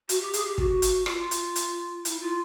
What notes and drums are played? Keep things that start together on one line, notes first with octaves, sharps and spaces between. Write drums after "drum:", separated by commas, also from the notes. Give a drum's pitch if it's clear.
F#4, drum: hi-hat
G4
G#4, drum: hi-hat
G4
F#4, drum: kick
drum: hi-hat
F4, drum: rim click
drum: hi-hat
drum: hi-hat
E4, drum: hi-hat
F4